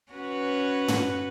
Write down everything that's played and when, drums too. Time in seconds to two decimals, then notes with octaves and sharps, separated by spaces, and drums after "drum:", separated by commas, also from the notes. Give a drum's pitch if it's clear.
0.12 C#4 F#4 B4
0.88 drum: tom